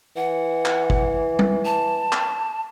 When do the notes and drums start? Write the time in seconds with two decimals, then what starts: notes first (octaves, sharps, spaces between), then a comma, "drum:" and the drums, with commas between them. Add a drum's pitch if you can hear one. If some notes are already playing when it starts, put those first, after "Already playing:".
0.16 E3 F#5
0.65 drum: clap
0.90 drum: kick
1.39 drum: tom
1.65 A5
2.12 drum: clap